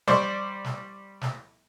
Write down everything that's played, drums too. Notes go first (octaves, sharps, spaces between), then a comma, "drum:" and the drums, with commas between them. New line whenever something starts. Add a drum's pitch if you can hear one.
G3 C5 D5 C6 C#6, drum: snare
drum: snare
drum: snare